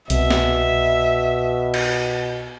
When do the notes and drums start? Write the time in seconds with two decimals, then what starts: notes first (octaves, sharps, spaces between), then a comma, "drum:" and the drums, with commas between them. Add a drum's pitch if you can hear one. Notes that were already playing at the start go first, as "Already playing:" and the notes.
0.10 C2 B2 E5, drum: hi-hat
0.31 drum: snare
1.74 drum: cymbal